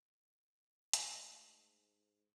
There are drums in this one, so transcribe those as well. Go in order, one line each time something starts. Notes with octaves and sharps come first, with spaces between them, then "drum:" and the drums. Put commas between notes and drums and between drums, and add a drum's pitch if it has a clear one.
G#2 A3 D#5, drum: hi-hat